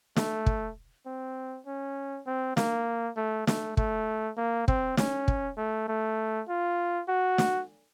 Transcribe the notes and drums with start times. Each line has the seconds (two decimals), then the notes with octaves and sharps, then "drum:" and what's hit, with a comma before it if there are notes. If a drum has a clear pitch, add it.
0.16 A3, drum: snare
0.46 drum: kick
1.06 C4
1.66 C#4
2.26 C4
2.57 A#3, drum: snare
3.17 A3
3.47 A3, drum: snare
3.77 A3, drum: kick
4.37 A#3
4.68 C4, drum: kick
4.97 C#4, drum: snare
5.28 drum: kick
5.57 A3
5.88 A3
6.49 F4
7.08 F#4
7.38 drum: snare